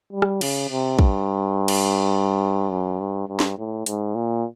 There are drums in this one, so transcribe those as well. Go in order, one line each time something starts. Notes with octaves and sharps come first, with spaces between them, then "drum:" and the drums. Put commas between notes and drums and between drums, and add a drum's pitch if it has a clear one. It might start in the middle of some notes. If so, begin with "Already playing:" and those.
G3
drum: rim click
C#3, drum: cymbal
C3
G2, drum: kick
drum: cymbal
F#2
G2
G2
drum: snare
A2
G#2, drum: hi-hat
A#2